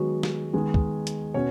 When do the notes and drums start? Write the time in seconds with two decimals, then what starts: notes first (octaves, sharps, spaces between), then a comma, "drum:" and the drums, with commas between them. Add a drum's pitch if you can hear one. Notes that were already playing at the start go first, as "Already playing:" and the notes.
Already playing: D#3 F#3 G#3 B3 F#4
0.23 drum: snare
0.53 D#3 G#3 B3 G#4
0.74 drum: kick
1.07 drum: hi-hat
1.34 B2 C#4 C#5